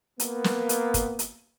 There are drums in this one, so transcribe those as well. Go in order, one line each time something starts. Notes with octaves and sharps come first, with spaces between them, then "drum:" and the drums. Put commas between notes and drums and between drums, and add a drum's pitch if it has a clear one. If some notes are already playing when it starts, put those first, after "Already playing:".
A#3 B3, drum: hi-hat
drum: snare
drum: hi-hat
drum: kick, hi-hat
drum: hi-hat